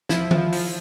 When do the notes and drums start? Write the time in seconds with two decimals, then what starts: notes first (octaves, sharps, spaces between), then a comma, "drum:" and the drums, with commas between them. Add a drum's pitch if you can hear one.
0.09 F3 E4, drum: snare
0.31 F3, drum: tom D#3
0.52 F3, drum: open hi-hat